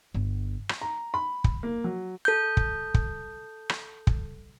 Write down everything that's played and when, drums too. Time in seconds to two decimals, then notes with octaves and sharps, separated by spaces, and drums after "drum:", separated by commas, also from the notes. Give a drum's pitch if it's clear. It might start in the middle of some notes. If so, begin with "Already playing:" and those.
0.14 G1
0.69 drum: rim click
0.81 A#5
1.14 B5
1.44 drum: kick
1.63 A#3
1.84 F#3
2.25 A4 G6
2.57 drum: kick
2.94 drum: kick
3.69 drum: rim click
4.07 drum: kick